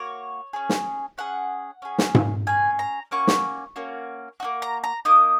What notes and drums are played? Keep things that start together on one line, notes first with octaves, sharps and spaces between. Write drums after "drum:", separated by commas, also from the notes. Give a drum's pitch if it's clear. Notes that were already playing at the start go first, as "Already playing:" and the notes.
Already playing: A#3 F#4 C#5
C#4 G#4
drum: snare
C#4 G#4 F#5
C#4 G#4
drum: snare
drum: tom G#2
C#4 G#4 G#5
A#5
A#3 C#4 F#4 C#6
drum: snare
A#3 C#4 F#4
A#3 D#4 F#4
A#5
A#5
A#3 D#4 D#6